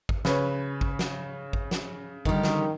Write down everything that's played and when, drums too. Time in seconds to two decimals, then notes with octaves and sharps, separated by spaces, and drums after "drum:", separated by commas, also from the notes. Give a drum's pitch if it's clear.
0.09 drum: kick G#1
0.25 C#3 B4 C#5, drum: snare
0.81 drum: kick G#1
0.99 drum: snare
1.53 drum: kick G#1
1.71 drum: snare
2.25 D3 D#3 G3, drum: kick G#1
2.43 drum: snare